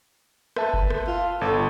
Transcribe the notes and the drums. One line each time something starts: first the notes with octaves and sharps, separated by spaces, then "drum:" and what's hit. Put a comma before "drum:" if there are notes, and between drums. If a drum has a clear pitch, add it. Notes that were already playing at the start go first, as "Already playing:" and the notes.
B4 E5 A5, drum: rim click
drum: kick F#1
drum: rim click
F4
G1 A4